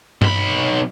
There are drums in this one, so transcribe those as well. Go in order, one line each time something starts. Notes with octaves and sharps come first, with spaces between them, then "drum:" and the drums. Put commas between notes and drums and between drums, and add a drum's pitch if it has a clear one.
B1 B5, drum: tom G2